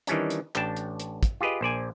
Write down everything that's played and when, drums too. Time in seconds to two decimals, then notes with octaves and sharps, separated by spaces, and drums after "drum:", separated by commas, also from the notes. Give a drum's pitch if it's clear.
0.07 D#3 E3 G3 C#4 D4, drum: hi-hat
0.30 drum: hi-hat
0.55 A1 D4 G5 A5, drum: clap
0.77 drum: hi-hat
1.00 drum: hi-hat
1.23 drum: kick, hi-hat
1.41 F4 G4 G#4 B4 D#5
1.61 A#1 C5 D5 G#5